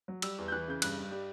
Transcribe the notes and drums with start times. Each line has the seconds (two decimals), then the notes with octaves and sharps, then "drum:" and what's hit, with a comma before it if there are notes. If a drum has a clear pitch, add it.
0.08 F#3
0.22 G3 E6, drum: cymbal
0.38 E2
0.48 G6
0.52 E3 F#6
0.68 C#3 G6
0.82 G2 F#6, drum: cymbal
0.97 G2
1.11 G3